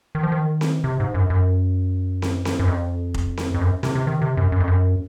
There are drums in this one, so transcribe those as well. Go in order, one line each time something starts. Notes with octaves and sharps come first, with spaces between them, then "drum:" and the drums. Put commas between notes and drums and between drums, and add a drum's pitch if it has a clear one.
D#3
F3
D#3
drum: snare C4
C3
G#2
F#2
F#2
drum: snare C4
drum: snare C4
F#2
F2
drum: kick F1
drum: snare C4
F2
F#2
C3, drum: snare C4
C3
D#3
C3
F#2
F#2
F2
F#2